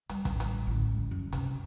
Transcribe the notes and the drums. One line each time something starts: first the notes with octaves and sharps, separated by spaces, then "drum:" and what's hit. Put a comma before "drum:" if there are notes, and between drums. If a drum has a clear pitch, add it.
G3, drum: hi-hat
A1, drum: kick, hi-hat
drum: hi-hat
A1 D2
G#3
F#2
C3, drum: hi-hat